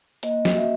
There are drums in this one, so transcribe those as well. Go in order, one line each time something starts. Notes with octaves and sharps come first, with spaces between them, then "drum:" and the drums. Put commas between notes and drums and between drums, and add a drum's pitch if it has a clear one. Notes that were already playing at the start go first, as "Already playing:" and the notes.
A#3 D#5, drum: hi-hat
F#4, drum: snare
E5